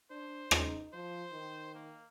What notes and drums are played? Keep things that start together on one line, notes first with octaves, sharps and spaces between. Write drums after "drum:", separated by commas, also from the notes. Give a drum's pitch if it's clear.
D4 C5
D#4, drum: rim click
F3 C5
D#3
A#3